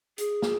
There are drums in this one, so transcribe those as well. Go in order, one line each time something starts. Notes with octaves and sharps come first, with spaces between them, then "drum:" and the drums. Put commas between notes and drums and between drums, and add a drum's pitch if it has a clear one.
G#4, drum: hi-hat
drum: snare